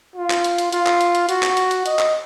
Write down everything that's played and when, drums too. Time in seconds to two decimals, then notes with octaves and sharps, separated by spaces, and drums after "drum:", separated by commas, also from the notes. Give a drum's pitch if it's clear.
0.16 F4
0.30 drum: clap
0.44 drum: hi-hat
0.58 drum: hi-hat
0.72 F4, drum: hi-hat
0.87 drum: clap
1.01 drum: hi-hat
1.15 drum: hi-hat
1.29 F#4, drum: hi-hat
1.43 drum: clap
1.57 drum: hi-hat
1.71 drum: hi-hat
1.86 D#5, drum: hi-hat
1.99 drum: clap